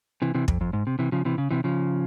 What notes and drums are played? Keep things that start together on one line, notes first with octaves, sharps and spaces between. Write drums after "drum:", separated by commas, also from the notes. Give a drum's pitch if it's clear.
C3 E3
C3 E3
F2, drum: kick
F2
G#2
C3
C3 E3
C#3 F3
C3 E3
C#3
C3 E3
C#3 F3